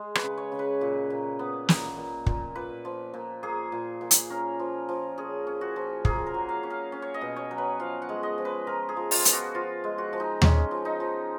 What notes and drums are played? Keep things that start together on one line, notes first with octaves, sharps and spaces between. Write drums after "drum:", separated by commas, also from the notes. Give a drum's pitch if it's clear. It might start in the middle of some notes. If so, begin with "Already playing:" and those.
Already playing: G#3
B4, drum: rim click
C#3
C#5
C#3
B4
A#2
A#2
B3
A#2, drum: snare
A#2
A#2, drum: kick
A#2 B4
F3
A#2
A#3 G#4
A#2
A#2
drum: hi-hat
C#4 A#4
F3
F3
C#4 G#4
C#4
F#4
F3
A#3 G#4, drum: kick
A#4
F#3
F5
C#4
F5
C#4
C#5
D#5
B2
C#5
F#3
B4
F3 F5
F#5
G#3
D#5
F3
B4
F3 A#4
G#4
F3
F4, drum: open hi-hat
B3, drum: hi-hat
F#4
F3 F4
G#3
F#4
F3
D#4
G#3 C#4, drum: tom D#2
F3
D#4
F3